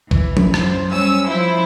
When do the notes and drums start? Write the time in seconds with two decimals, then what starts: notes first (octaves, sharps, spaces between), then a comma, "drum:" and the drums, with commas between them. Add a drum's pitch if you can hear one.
0.11 E3, drum: kick
0.37 drum: tom F3
0.54 F#2 C5, drum: rim click
0.89 G3 C#4 E6
1.26 F3 E4 C5